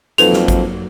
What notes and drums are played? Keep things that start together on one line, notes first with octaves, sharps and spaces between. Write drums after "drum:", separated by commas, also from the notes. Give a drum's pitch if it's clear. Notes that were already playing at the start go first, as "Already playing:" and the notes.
F2 F#3 A#3 D#4 A4 B4 F7, drum: hi-hat
drum: snare
drum: kick G#1, hi-hat